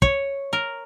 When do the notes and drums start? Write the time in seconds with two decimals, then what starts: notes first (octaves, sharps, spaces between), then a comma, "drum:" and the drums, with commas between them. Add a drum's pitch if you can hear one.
0.02 C#5, drum: kick
0.53 A#4